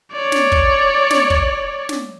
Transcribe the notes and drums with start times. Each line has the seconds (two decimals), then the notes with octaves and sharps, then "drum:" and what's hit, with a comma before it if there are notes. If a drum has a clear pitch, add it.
0.12 C#5 D5
0.32 drum: snare
0.52 drum: kick
1.10 drum: snare
1.30 drum: kick
1.89 drum: snare